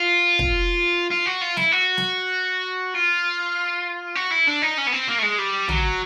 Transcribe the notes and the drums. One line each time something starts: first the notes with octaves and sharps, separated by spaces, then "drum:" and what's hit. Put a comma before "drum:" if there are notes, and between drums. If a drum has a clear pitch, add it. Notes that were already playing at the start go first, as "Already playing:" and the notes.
Already playing: F4
drum: kick
F4
F#4
F4
E4, drum: snare
F#4
drum: snare
F4
F#4
E4
D4
D#4
C#4
B3
C4
A#3
A3
G#3
G3
F#3, drum: tom